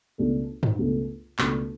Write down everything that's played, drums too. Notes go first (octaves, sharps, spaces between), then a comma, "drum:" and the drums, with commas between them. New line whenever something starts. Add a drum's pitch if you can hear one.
C#2 B2 A3 D4 A4
drum: tom G2
C#2 B2 A3 D4 A4
C#2 B2 A3 D4 A4, drum: clap